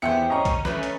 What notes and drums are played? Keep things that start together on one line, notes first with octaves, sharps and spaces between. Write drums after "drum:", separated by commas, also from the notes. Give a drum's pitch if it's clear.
E2 B3 G4 A4 C5 E5 C#7
C#4 D#5 A#5 C#6
C#4, drum: kick, hi-hat
A3 D4 B4, drum: snare
drum: hi-hat